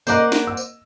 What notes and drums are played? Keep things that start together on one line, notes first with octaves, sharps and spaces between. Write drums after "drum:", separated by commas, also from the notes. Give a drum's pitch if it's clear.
A#3 A#4 C5 D5 D#5 F#5 A#5, drum: tambourine
drum: snare
E6
drum: tambourine